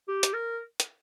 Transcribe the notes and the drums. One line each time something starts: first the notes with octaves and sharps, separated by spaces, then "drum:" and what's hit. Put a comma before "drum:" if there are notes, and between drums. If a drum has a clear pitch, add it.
G4
drum: hi-hat
A#4
drum: hi-hat